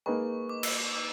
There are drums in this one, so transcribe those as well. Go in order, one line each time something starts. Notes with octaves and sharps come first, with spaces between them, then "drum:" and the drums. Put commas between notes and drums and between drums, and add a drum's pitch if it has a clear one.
A#3 D#4 G#4 B4 C#6
D6
E6, drum: cymbal
D6
D6